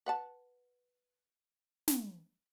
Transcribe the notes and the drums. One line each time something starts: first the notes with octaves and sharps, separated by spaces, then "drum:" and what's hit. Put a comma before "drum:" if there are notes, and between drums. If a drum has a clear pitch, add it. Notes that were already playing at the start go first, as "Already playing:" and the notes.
B4 F#5 A5
drum: snare